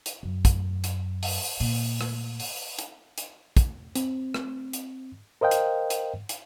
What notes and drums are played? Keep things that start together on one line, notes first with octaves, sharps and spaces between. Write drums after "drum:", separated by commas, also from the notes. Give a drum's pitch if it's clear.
drum: hi-hat
F#2
drum: kick, hi-hat
drum: hi-hat
drum: open hi-hat
A#2, drum: open hi-hat
drum: rim click
drum: open hi-hat
drum: hi-hat
drum: hi-hat
drum: kick, hi-hat
C4, drum: hi-hat
drum: rim click
drum: hi-hat
A#4 C5 D#5 F5 G5
drum: hi-hat
drum: hi-hat
drum: hi-hat